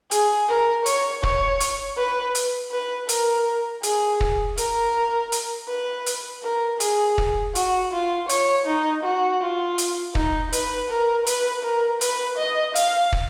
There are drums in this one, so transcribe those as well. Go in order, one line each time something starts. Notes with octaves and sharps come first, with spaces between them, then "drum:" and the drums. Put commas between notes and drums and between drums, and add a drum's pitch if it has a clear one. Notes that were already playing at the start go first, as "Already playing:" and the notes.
G#4, drum: hi-hat
A#4
C#5, drum: hi-hat
C#5, drum: kick
drum: hi-hat
B4
drum: hi-hat
B4
A#4, drum: hi-hat
G#4, drum: hi-hat
drum: kick
A#4, drum: hi-hat
drum: hi-hat
B4
drum: hi-hat
A#4
G#4, drum: hi-hat
drum: kick
F#4, drum: hi-hat
F4
C#5, drum: hi-hat
D#4
F#4
F4
drum: hi-hat
D#4, drum: kick
B4, drum: hi-hat
A#4
B4, drum: hi-hat
A#4
B4, drum: hi-hat
D#5
F5, drum: hi-hat
drum: kick